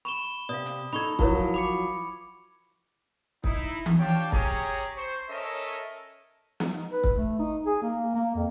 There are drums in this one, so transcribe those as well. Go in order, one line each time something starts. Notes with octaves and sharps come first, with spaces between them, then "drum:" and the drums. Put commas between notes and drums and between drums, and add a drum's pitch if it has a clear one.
B5 C#6 E7 G7
C3 D5 F5 D#6
drum: hi-hat
D#4 A4 B5 C#6 G#6
F3 F#3 E4 A#4 C#5, drum: kick
B5 D6 C#7
D#4 E4, drum: kick
drum: tom E3
D4 F4 G4 C#5 G5 A5
C#4 G4 G#4 C#5 A#5, drum: kick
C5 C#6
C#4 A4 A#4 C#5 D#5 E5
drum: snare
D#4
B4
drum: kick
A3
D#4
G#4
A#3
A#3
F2